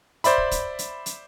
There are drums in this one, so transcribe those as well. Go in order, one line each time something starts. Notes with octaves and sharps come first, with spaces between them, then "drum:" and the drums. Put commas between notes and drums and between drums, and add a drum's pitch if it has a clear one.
C5 D5 E5 B5, drum: hi-hat
drum: kick
drum: kick, hi-hat
drum: hi-hat
drum: hi-hat